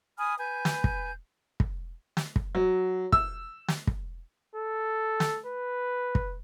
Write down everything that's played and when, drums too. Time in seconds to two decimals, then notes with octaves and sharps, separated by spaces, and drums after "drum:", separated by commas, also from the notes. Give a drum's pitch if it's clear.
0.18 G#5 B5 D#6 F6
0.38 B4 G#5 G6
0.65 drum: snare
0.84 drum: kick
1.60 drum: kick
2.17 drum: snare
2.36 drum: kick
2.55 F#3
3.12 E6, drum: kick
3.68 drum: snare
3.87 drum: kick
4.56 A4
5.20 drum: snare
5.46 B4
6.15 drum: kick